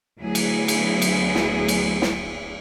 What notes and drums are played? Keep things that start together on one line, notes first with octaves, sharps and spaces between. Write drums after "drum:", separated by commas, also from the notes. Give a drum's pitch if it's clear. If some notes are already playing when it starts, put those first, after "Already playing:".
D2 F#3 B3 E4 G#4
drum: cymbal
drum: cymbal
drum: cymbal
drum: snare
drum: cymbal
drum: snare